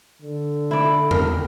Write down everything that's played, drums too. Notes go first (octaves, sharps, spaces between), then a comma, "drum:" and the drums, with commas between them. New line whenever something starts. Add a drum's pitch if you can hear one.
D3
E4 D5
A#4, drum: tom E2